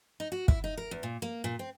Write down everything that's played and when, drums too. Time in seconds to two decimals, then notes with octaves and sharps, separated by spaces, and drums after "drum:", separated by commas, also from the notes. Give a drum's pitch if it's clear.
0.20 D#4
0.32 F#4
0.48 E4, drum: kick
0.64 D#4
0.77 A#4
0.91 E2
1.03 A#2
1.22 A#3
1.44 A#2
1.59 C4